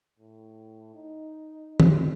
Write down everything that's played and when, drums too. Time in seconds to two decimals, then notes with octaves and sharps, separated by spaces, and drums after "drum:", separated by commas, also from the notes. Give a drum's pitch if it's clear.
0.19 A2
0.94 D#4
1.80 drum: tom